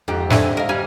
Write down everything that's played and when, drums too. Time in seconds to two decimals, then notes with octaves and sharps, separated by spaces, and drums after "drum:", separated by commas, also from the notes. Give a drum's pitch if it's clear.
0.08 F2 G#2 G4
0.30 D4 E4 G#5, drum: snare
0.57 A#4 D#5 F5
0.69 G3 F5 G#5